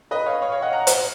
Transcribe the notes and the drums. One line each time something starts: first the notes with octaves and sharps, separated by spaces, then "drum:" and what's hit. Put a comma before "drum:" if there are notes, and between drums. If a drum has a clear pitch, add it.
B4 D#5
C#5 F5
C#5 F5
C#5 F5
D#5 F#5
F#5 A#5
drum: hi-hat